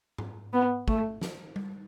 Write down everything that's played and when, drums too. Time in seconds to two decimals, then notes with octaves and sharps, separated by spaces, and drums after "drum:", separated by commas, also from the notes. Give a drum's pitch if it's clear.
0.18 drum: tom G#2
0.53 B3
0.88 A3, drum: kick
1.21 drum: snare
1.56 drum: tom G3